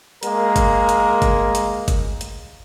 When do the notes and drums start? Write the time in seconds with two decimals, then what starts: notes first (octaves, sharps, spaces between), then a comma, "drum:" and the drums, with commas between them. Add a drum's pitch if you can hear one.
0.23 G#3 A#3 A#4, drum: hi-hat
0.56 drum: kick G1, hi-hat
0.89 drum: hi-hat
1.22 drum: kick G1, hi-hat
1.55 drum: hi-hat
1.88 drum: kick G1, hi-hat
2.21 drum: hi-hat